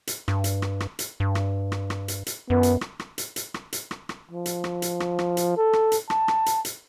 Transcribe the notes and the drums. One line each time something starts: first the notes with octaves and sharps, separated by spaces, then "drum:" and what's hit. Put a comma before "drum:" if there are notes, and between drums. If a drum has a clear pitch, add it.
drum: hi-hat
G2, drum: rim click
drum: hi-hat
drum: rim click
drum: rim click
drum: hi-hat
G2
drum: rim click
drum: rim click
drum: rim click
drum: hi-hat
drum: hi-hat
F#2 B3
drum: hi-hat
drum: rim click
drum: rim click
drum: hi-hat
drum: hi-hat
drum: rim click
drum: hi-hat
drum: rim click
drum: rim click
F3
drum: hi-hat
drum: rim click
drum: hi-hat
drum: rim click
drum: rim click
drum: hi-hat
A4
drum: rim click
drum: hi-hat
A5, drum: rim click
drum: rim click
drum: hi-hat
drum: hi-hat